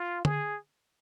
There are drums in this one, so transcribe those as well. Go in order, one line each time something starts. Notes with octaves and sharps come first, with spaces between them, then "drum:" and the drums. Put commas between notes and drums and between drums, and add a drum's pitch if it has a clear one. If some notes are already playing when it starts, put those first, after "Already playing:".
Already playing: F4
G#4, drum: tom D3